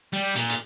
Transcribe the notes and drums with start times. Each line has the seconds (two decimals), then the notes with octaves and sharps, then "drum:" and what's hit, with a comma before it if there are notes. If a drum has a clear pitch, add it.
0.13 G3
0.36 A#2, drum: hi-hat
0.50 drum: hi-hat